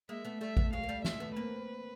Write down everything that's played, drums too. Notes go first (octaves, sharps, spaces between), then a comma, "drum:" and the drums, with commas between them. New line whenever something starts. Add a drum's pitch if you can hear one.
G#3 A#3 E5
A3 B3
G3 A3 E5
A3 B3, drum: kick A1
F#3 G#3 F5
A#3
G3 A3
G#3 A#3 E5, drum: snare
A3 B3
A#3 C4 B4